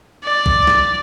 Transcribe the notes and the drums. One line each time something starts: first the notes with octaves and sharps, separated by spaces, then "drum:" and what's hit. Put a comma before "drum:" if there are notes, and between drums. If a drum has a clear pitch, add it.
D5
drum: kick B1
drum: snare